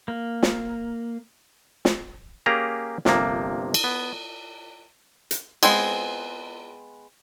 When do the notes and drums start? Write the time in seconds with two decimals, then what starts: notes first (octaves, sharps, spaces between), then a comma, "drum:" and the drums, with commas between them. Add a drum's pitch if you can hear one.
0.08 A#3
0.43 drum: snare
1.85 drum: snare
2.46 A#3 C#4 G4 G#4 A#5
3.05 G1 C3 F3 A#3, drum: snare
3.74 drum: cymbal
3.84 B3
5.31 drum: hi-hat
5.63 G#3 B3 C4 G#4, drum: cymbal